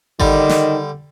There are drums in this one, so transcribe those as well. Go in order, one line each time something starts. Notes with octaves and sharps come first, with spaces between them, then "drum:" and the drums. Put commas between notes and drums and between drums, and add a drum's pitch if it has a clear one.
D3 D#3 G3, drum: kick G#1
drum: snare